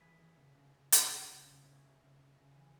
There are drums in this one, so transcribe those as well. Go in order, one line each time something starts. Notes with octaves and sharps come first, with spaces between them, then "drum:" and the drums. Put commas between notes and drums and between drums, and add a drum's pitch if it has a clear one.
E3 G#4 B4
E3
C#3
C#3
C#3
C#3, drum: hi-hat
C#3 F#4 A#4
C#3
C#3
C#3 C#4 E4
C#3
C#3
C#3
C#3
E3